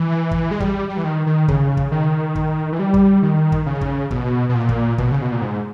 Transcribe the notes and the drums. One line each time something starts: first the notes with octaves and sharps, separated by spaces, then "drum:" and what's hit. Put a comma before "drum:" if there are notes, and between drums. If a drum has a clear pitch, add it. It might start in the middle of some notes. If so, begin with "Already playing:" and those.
Already playing: E3
drum: kick
G#3
G3, drum: kick
G3
E3
D#3
D#3
C#3, drum: kick
drum: kick
D#3
drum: kick
E3
G3
drum: kick
D#3
drum: kick
C#3
drum: kick
B2, drum: kick
B2
A#2
drum: kick
B2, drum: kick
C#3
B2
A#2
G#2